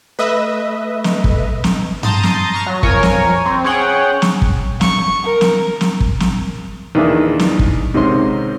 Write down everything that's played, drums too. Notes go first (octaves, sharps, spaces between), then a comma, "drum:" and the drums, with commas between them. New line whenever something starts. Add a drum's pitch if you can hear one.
A3 B4 D#5 E5
drum: snare
drum: kick
drum: snare
A5 A#5 C6 D#6 G6 A6, drum: tom G2
drum: snare
A#5 C#6 F6 E7
F#3
F2 A#4 C#5 G#5, drum: kick
drum: snare
C4
C#4 G#4 C#5 F#5 G5
drum: snare
drum: kick
C#6, drum: snare
A#4
drum: snare
drum: snare
drum: kick
drum: snare
D#2 D#3 E3 D4 G#4 E5
drum: snare
drum: kick
G#2 C3 D#3 C#4 C#5 C6